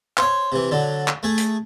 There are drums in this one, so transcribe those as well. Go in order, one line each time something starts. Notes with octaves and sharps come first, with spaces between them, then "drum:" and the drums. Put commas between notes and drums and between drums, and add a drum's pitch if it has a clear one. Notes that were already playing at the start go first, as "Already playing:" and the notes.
C5 C#5, drum: clap
C3 E3
D3 F#3
drum: clap
A3 G#4
drum: hi-hat